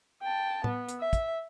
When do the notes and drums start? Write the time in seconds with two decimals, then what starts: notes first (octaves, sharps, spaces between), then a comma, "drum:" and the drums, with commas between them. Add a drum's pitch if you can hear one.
0.22 G5 A5
0.64 B3, drum: tom A2
0.89 drum: hi-hat
0.99 E5
1.13 drum: kick, hi-hat